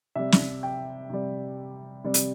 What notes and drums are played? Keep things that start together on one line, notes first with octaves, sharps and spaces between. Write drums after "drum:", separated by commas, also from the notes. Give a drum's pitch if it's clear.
C3 G3 E5
drum: snare
G5
C3 G3
C3 G3
drum: hi-hat